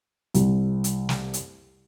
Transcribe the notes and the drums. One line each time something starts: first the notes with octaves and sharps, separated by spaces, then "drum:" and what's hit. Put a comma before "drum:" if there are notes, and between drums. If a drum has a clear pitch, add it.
C2, drum: hi-hat
drum: hi-hat
drum: snare
drum: hi-hat